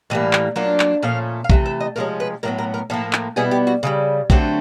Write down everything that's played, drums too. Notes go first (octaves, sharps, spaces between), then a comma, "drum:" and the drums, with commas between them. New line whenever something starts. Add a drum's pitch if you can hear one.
A2 E3 G3 A#3
drum: clap
F#3 A#3 D4 F4
drum: clap
A#2 F3 A3 C#4 F5
F5
C3 E3 A3 E5, drum: kick
E5
D#5
C3 F3 G#3 C#4 A#4
B4
A2 F#3 B3 A#4
A#4
A#4
A2 F3 A#3 A4
drum: clap
B2 G3 B3 E4 G#4
G4
F#4
C#3 E3 G3
D3 F#3 A3 C4 G4, drum: kick